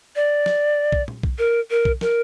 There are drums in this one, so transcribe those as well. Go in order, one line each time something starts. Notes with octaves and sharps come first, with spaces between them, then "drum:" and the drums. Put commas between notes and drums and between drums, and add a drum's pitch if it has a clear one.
D5
drum: snare
drum: kick B1
drum: tom A#2
drum: kick B1
A#4
A#4
drum: kick B1
A#4, drum: snare